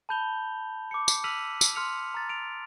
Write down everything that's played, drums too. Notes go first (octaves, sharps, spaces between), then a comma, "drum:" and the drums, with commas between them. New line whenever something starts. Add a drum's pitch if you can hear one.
A5 B5 G6 F7 G7
D6 C#7
drum: tambourine
E6 F6 B6 D#7 F7 F#7
drum: tambourine
C6 F6 C#7 F7
A#5 A6
D7 F7